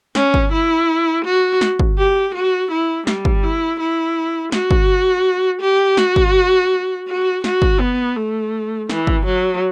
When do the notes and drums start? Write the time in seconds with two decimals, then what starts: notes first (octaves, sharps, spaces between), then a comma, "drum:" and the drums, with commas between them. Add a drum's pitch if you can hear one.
0.15 C#4, drum: snare
0.34 drum: kick
0.53 E4
1.25 F#4
1.61 drum: snare
1.79 drum: kick
1.98 G4
2.35 F#4
2.71 E4
3.07 G3, drum: snare
3.25 drum: kick
3.43 E4
3.80 E4
4.52 F#4, drum: snare
4.71 drum: kick
5.62 G4
5.97 F#4, drum: snare
6.16 drum: kick
7.08 F#4
7.44 F#4, drum: snare
7.62 drum: kick
7.80 B3
8.16 A3
8.90 E3, drum: snare
9.07 drum: kick
9.26 F#3